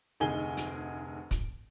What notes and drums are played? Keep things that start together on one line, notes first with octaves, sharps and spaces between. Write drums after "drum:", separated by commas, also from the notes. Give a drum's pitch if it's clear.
F1 D2 D#4 G#4 G#5 G7
drum: hi-hat
drum: kick, hi-hat